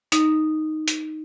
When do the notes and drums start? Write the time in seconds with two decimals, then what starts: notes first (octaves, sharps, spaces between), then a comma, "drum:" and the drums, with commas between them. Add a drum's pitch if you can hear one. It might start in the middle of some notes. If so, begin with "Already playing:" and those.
0.12 D#4, drum: hi-hat
0.88 drum: hi-hat